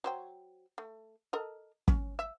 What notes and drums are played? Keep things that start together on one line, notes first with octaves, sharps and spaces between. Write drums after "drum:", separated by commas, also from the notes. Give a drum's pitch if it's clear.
F#3 C5 G5
A3
A4 A#4 D#5
C#4, drum: kick
E5